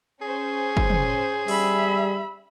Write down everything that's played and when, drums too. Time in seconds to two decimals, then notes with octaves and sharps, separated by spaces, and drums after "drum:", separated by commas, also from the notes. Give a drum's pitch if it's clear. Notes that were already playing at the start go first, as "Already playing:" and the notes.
0.22 C#4 G#4 C5
0.77 drum: kick
0.90 drum: tom
1.48 G3 E5 B5, drum: open hi-hat